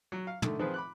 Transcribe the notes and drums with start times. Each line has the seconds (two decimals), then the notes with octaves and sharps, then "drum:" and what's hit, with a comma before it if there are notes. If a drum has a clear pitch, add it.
0.12 F#3
0.27 F5
0.42 D3 D#3 A3, drum: tom
0.59 D#3 F3 C4 F4 G#4 B4
0.74 B5 D6 F#6